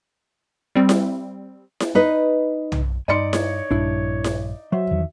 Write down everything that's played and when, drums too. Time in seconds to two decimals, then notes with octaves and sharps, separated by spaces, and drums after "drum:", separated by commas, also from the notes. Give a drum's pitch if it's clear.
0.75 G3 C4
0.89 drum: snare E4
1.80 drum: snare E4
1.95 D#4 B4 D#5
2.72 drum: tom
3.08 G2 D#4 D5 G#5 B5 C6 C#7
3.33 C#5, drum: snare E4
3.71 A#1 G2 D4 E4
4.24 drum: snare E4
4.72 F#3 C5 E5
4.91 E2 D#3